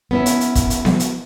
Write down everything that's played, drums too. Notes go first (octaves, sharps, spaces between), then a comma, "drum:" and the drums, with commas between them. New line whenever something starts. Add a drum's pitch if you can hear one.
B3 C#4 E4
drum: hi-hat
drum: hi-hat
drum: kick, hi-hat
drum: hi-hat
drum: snare B3
drum: hi-hat